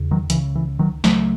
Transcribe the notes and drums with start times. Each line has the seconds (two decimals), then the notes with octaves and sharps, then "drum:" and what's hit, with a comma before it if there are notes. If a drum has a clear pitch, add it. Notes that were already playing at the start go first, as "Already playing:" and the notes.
Already playing: E2 C#3
0.11 D#3 F#3
0.30 C#2 C#3 E3, drum: hi-hat
0.56 E3
0.79 D#3 F#3
1.04 C#2 C#3 F#3 A3, drum: snare